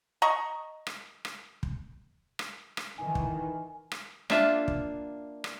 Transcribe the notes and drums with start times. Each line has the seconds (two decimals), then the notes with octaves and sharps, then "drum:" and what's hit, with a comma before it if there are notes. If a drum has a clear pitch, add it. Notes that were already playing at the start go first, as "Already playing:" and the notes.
0.22 D#5 A#5 C#6
0.87 drum: rim click
1.25 drum: rim click
1.63 drum: kick
2.39 drum: rim click
2.77 drum: rim click
2.98 D#3 E3 G#5
3.15 drum: kick
3.91 drum: rim click
4.30 A#3 D4 F4 E5 F5, drum: rim click
4.68 drum: kick
5.44 drum: rim click